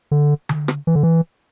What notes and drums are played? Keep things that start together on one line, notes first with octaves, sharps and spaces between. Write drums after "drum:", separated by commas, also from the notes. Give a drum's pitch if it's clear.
D3
drum: tom D3
drum: rim click
E3
D3
E3